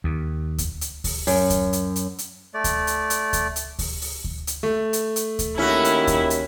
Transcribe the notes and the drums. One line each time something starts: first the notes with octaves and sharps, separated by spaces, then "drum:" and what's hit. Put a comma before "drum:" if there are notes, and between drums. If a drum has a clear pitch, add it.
D#2
drum: kick D2, hi-hat
drum: hi-hat
drum: kick D2, open hi-hat
F#2, drum: open hi-hat
drum: kick D2, hi-hat
drum: hi-hat
drum: hi-hat
drum: hi-hat
A3 D5
drum: kick D2, hi-hat
drum: hi-hat
drum: hi-hat
drum: kick D2, hi-hat
drum: hi-hat
drum: kick D2, open hi-hat
drum: open hi-hat
drum: kick D2
drum: hi-hat
A3
drum: hi-hat
drum: hi-hat
drum: kick D2, hi-hat
D#2 C#4 E4 F#4
drum: hi-hat
drum: kick D2, hi-hat
drum: hi-hat